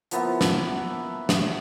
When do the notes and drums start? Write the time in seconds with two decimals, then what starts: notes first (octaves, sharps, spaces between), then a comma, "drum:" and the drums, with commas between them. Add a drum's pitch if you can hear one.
0.11 F3 A#3 B3 E4, drum: hi-hat
0.41 drum: snare
1.29 drum: snare